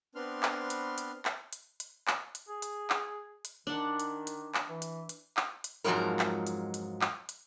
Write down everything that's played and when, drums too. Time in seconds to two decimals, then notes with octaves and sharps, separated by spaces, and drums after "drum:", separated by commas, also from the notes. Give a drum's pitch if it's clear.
0.15 B3 C4 D4 B4 C6 F6
0.43 drum: clap
0.70 drum: hi-hat
0.98 drum: hi-hat
1.25 drum: clap
1.53 drum: hi-hat
1.80 drum: hi-hat
2.07 drum: clap
2.35 drum: hi-hat
2.49 G#4
2.62 drum: hi-hat
2.90 drum: clap
3.45 drum: hi-hat
3.67 D#3 D4 F#5
4.00 drum: hi-hat
4.27 drum: hi-hat
4.54 drum: clap
4.67 E3
4.82 drum: hi-hat
5.09 drum: hi-hat
5.37 drum: clap
5.64 drum: hi-hat
5.84 F2 G#2 F3 F#3 G#3 A#4
6.19 drum: clap
6.47 drum: hi-hat
6.74 drum: hi-hat
7.01 drum: clap
7.29 drum: hi-hat